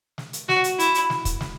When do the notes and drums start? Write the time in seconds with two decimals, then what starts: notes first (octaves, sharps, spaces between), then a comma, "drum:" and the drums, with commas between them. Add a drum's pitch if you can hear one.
0.18 drum: snare
0.33 drum: hi-hat
0.49 F#4, drum: snare
0.64 drum: hi-hat
0.79 E4, drum: hi-hat
0.95 drum: hi-hat
1.10 drum: snare
1.25 drum: kick, hi-hat
1.41 drum: snare